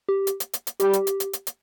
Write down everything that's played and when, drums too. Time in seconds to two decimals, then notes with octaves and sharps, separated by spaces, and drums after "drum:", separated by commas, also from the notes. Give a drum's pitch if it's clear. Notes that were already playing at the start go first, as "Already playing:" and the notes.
0.09 G4
0.27 drum: hi-hat
0.40 drum: hi-hat
0.53 drum: hi-hat
0.67 drum: hi-hat
0.80 G3 G4, drum: hi-hat
0.93 drum: hi-hat
1.07 drum: hi-hat
1.20 drum: hi-hat
1.33 drum: hi-hat
1.47 drum: hi-hat